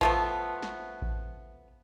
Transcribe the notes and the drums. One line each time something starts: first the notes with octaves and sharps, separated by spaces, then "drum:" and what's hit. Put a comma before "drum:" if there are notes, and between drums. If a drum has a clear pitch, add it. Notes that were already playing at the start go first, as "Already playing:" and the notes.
F3 A3 B3, drum: kick A1
drum: snare
drum: kick A1